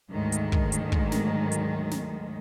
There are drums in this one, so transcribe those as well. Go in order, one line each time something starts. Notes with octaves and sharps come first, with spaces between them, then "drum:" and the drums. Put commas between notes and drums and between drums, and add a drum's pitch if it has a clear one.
D2 G#2 D#3 F#3 G#3
drum: hi-hat
drum: kick
drum: hi-hat
drum: kick
drum: snare
drum: hi-hat
drum: snare